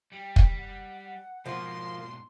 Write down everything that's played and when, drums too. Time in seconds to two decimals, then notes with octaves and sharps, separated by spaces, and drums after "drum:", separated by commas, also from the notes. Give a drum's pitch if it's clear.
0.13 G3 G5
0.36 drum: kick
0.58 F#5
1.46 G#2 B2 F3 A#3 C6